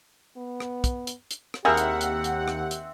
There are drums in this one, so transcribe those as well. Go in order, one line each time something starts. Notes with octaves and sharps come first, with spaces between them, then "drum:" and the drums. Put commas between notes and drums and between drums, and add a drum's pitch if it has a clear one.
B3
drum: rim click
drum: kick, hi-hat
drum: hi-hat
drum: hi-hat
drum: rim click
D#2 C4 E4 G4 G#4 A#4 E5 F#5
drum: hi-hat
drum: hi-hat
drum: hi-hat
drum: rim click
drum: hi-hat